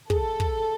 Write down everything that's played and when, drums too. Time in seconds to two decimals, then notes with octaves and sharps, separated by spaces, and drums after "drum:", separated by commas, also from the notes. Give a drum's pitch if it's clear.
0.10 G#4 A4, drum: kick
0.40 drum: kick